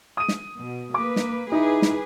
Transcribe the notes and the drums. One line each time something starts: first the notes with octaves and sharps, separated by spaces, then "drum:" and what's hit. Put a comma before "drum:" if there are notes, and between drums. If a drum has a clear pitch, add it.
D#6 D#7
drum: snare
B2
A#3 B4 D6
drum: snare
D#4 E4 G#4 B4
drum: snare